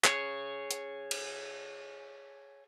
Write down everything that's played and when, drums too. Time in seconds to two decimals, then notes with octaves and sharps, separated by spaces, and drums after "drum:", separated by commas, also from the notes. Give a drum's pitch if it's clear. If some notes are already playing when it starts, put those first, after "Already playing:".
0.05 G#4 C#5, drum: clap
0.71 drum: hi-hat
1.11 drum: cymbal